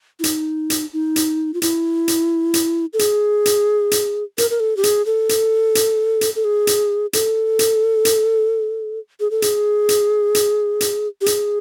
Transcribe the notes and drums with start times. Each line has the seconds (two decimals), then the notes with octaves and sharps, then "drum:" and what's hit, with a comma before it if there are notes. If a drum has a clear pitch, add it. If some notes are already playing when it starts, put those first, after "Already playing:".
0.20 E4
0.24 D#4, drum: hi-hat
0.70 drum: hi-hat
0.93 D#4
1.16 drum: hi-hat
1.54 F4
1.62 E4, drum: hi-hat
2.08 drum: hi-hat
2.54 drum: hi-hat
2.93 A4
2.99 G#4, drum: hi-hat
3.46 drum: hi-hat
3.91 drum: hi-hat
4.38 A#4, drum: hi-hat
4.50 A#4
4.60 A4
4.77 G4
4.84 G#4, drum: hi-hat
5.06 A4
5.29 drum: hi-hat
5.75 drum: hi-hat
6.21 drum: hi-hat
6.36 A4
6.44 G#4
6.67 drum: hi-hat
7.13 A4, drum: hi-hat
7.59 drum: hi-hat
8.05 drum: hi-hat
9.20 G#4
9.31 A4
9.42 G#4, drum: hi-hat
9.89 drum: hi-hat
10.35 drum: hi-hat
10.81 drum: hi-hat
11.21 G4
11.26 G#4, drum: hi-hat